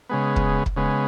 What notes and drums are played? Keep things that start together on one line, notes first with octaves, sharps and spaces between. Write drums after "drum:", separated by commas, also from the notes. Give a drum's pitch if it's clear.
C#3 G#3 B3
drum: kick
drum: kick
C#3 G#3 B3